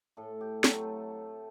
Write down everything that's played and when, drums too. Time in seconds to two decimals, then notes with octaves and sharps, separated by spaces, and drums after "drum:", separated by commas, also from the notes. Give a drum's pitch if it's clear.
0.17 A2 A3 A4
0.41 G4
0.64 F#3 A3 C4 A4, drum: snare